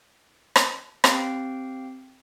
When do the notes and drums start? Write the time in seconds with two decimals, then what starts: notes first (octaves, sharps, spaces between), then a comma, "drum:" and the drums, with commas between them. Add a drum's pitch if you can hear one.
0.56 drum: rim click
1.04 C4 G4 F5 G5, drum: rim click